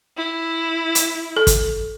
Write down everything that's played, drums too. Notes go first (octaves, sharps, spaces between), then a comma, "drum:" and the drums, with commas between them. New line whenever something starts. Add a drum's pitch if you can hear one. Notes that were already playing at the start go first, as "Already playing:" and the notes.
E4
drum: hi-hat
A4
drum: kick, hi-hat